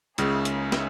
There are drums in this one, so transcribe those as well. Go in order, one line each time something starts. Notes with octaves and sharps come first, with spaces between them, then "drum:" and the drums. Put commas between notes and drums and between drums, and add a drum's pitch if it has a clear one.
C#2 C#3 A#3 D#4 G#4 C#5 E5, drum: hi-hat
drum: hi-hat
drum: snare